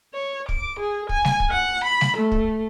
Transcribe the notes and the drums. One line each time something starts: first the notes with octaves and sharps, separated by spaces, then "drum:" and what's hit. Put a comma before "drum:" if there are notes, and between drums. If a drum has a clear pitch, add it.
C#5
D6, drum: kick
G#4
G#5, drum: kick
drum: snare G3
drum: kick
F#5
B5
drum: snare G3
A3
drum: kick